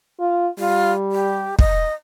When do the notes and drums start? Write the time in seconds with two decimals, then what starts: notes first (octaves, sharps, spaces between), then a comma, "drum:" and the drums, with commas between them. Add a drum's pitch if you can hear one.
0.20 F4
0.59 G3 F4
1.12 G4
1.59 D#5, drum: kick